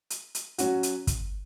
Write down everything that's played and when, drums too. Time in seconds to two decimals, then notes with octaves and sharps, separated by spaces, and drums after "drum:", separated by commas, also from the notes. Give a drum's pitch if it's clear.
0.10 drum: hi-hat
0.35 drum: hi-hat
0.58 F#3 C#4 F#4, drum: hi-hat
0.83 drum: hi-hat
1.07 drum: kick, hi-hat